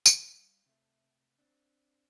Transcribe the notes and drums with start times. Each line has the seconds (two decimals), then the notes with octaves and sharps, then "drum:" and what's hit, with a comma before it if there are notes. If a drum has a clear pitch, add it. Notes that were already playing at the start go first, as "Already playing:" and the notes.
0.06 G3 F5, drum: tambourine
0.66 C3 A3
1.39 C4 D4